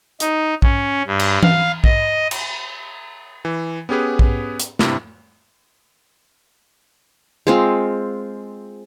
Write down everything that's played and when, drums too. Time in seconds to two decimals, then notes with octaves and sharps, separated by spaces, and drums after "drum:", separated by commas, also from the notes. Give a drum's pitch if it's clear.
0.20 D#4, drum: hi-hat
0.62 C#4, drum: kick A#1
1.07 G2
1.19 drum: cymbal
1.43 F5, drum: tom E3
1.84 D#5, drum: kick A#1
2.31 drum: cymbal
3.45 E3
3.89 B3 C#4 G4 G#4 B4
4.19 drum: kick A#1
4.60 drum: hi-hat
4.79 G2 C3 E4, drum: snare
7.47 G#3 C4 F4